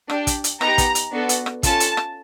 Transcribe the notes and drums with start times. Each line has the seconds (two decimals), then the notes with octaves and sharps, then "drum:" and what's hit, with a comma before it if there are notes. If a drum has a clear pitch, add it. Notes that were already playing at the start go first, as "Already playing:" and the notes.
0.10 D4 G4, drum: rim click
0.27 drum: kick, hi-hat
0.44 drum: hi-hat
0.61 B3 D#4 G4 A#5, drum: rim click
0.78 drum: kick, hi-hat
0.95 drum: hi-hat
1.12 B3 D4 F#4 A4
1.29 drum: hi-hat
1.46 drum: rim click
1.63 C#4 F4 A4 A5, drum: kick, hi-hat
1.80 drum: hi-hat
1.97 drum: rim click